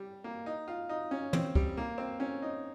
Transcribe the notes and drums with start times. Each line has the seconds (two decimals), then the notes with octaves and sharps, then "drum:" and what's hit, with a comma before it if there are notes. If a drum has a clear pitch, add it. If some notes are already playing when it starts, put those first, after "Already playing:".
Already playing: G3
0.24 A#3
0.46 D#4
0.68 F4
0.89 D#4
1.11 C#4
1.33 C4, drum: tom
1.55 G3, drum: kick
1.77 A#3
1.98 C4
2.20 C#4
2.42 D#4